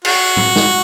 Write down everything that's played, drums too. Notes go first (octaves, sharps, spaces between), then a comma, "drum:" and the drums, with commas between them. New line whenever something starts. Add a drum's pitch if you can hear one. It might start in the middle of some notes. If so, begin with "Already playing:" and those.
F#4, drum: cymbal
drum: tom
drum: snare